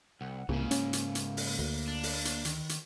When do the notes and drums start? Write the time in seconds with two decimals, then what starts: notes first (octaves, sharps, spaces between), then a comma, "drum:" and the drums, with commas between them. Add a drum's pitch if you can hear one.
0.21 C2 F#5
0.49 C2 G#2 C#3 A#3
0.71 C#4, drum: hi-hat
0.93 drum: hi-hat
1.15 drum: hi-hat
1.37 drum: open hi-hat
1.59 D2
1.88 D4
2.03 drum: open hi-hat
2.25 drum: hi-hat
2.45 D#3, drum: hi-hat
2.69 drum: hi-hat